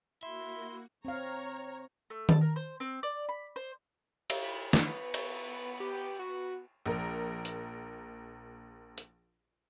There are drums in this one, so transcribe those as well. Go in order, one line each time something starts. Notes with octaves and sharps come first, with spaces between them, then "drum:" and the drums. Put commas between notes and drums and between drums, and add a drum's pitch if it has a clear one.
A#3 E4 F#4 E5 C6
C4 C#5 F5 A#5
A3
A5, drum: tom D#3
A#4
C5
C4
D5
B5
C5
drum: cymbal
B5
B3 B4, drum: snare
drum: cymbal
G4
F#4
A#1 A#4
drum: hi-hat
drum: hi-hat